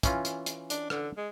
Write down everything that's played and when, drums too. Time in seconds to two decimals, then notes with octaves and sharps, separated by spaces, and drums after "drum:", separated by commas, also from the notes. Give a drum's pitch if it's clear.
0.03 E3 C#4 F4, drum: kick, hi-hat
0.25 drum: hi-hat
0.46 drum: hi-hat
0.70 D4, drum: hi-hat
0.90 D3, drum: rim click
1.17 G#3